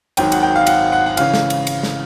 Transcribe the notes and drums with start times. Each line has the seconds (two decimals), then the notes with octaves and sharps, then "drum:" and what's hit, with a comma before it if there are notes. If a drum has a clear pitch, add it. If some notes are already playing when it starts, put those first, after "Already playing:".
0.17 G#1 G#2 D#3 F#3 G5, drum: cymbal
0.32 F#5, drum: cymbal
0.43 G5
0.56 F5
0.67 F#5, drum: cymbal
0.92 F#5
1.06 F#5
1.17 C#3 E3 F5, drum: cymbal
1.34 drum: snare
1.50 drum: cymbal
1.67 drum: cymbal
1.83 drum: snare